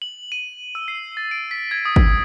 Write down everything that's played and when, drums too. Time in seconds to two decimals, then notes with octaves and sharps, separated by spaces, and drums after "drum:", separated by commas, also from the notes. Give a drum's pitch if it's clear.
0.02 F#7
0.32 D#7
0.75 E6
0.88 C7
1.17 A6
1.31 D7
1.51 B6
1.71 G#6
1.85 D#6
1.96 drum: kick